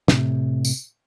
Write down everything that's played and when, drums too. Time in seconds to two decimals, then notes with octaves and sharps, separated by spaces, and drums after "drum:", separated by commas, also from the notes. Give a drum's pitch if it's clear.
0.08 A2 C3, drum: snare
0.65 drum: tambourine